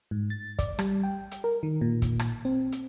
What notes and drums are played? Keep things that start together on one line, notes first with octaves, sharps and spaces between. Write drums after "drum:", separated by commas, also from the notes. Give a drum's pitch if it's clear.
G#2
A6
D5, drum: kick, hi-hat
G3, drum: rim click
G5
drum: hi-hat
A#4
D#3
A#2
drum: kick, hi-hat
drum: rim click
C4
drum: hi-hat